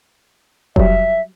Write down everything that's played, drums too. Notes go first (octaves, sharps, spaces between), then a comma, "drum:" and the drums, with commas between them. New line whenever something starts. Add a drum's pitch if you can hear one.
F#3 G3 E5, drum: kick F1